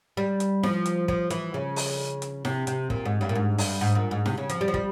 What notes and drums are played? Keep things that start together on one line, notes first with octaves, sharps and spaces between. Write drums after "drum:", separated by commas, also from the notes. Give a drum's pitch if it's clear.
G3
drum: hi-hat
F3, drum: snare E4
drum: hi-hat
F3, drum: kick
E3, drum: hi-hat
C#3
drum: open hi-hat
drum: hi-hat
C3, drum: snare E4
C3, drum: hi-hat
A#2, drum: kick
G#2
G2
A#2
G#2
G2, drum: open hi-hat
G#2
A#2
G#2
C3, drum: snare E4
C#3
F3, drum: hi-hat
G3
F3
G3, drum: kick